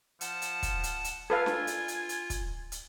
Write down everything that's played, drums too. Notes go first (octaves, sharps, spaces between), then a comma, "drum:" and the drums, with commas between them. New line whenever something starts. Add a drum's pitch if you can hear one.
F3 F#5 A5, drum: hi-hat
drum: hi-hat
drum: kick, hi-hat
drum: hi-hat
drum: hi-hat
F4 A4 B4 F5 G#5
drum: snare D4
drum: hi-hat
drum: hi-hat
drum: hi-hat
drum: kick, hi-hat
drum: hi-hat